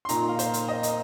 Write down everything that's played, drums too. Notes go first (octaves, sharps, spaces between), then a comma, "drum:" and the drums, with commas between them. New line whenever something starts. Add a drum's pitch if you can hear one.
C6
A#2 A#3 D#4 A#5, drum: hi-hat
F5
C5, drum: hi-hat
drum: hi-hat
D#5
drum: hi-hat